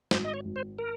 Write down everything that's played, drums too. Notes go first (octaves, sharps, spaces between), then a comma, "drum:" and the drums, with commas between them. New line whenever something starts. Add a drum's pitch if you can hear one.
G#1 C5, drum: snare
D#5
C#5
G#1
C5
A#4